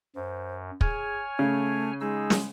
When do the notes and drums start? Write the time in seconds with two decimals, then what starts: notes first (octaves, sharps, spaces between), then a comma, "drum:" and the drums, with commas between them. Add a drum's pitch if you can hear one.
0.15 F#2 C5
0.81 G#4 C#5 G#5 F6, drum: kick
1.39 C#3 A3
2.01 G#3 D#4 G#4 E6
2.30 drum: snare